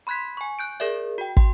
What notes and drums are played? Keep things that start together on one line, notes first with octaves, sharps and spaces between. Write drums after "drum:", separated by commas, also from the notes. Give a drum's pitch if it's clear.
B5 C6 F#6 G#6 B6
G#5 C#6
F#6 G6 D7
G#4 A#4 D5 E5
F#4 G5
G5 C6, drum: kick